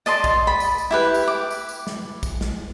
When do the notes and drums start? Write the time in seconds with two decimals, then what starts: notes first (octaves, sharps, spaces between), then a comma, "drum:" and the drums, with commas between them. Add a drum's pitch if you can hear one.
0.06 D5 D#5 A5 C6, drum: tambourine
0.24 drum: kick A#1, tambourine
0.47 B5
0.60 drum: tambourine
0.78 drum: tambourine
0.91 E4 G4 B4
1.14 drum: tambourine
1.28 D6
1.51 drum: tambourine
1.69 drum: tambourine
1.87 drum: snare
2.23 drum: kick A#1, tambourine
2.41 drum: snare